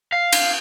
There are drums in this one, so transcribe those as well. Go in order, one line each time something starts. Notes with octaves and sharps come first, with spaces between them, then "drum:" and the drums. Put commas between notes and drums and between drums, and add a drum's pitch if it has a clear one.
F5
drum: cymbal